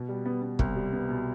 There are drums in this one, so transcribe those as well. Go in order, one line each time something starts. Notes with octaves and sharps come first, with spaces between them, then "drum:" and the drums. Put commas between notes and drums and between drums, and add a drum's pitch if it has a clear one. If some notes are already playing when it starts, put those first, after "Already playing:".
Already playing: B2 B3
G3
B3
B3
C2, drum: kick
G3
B3
B2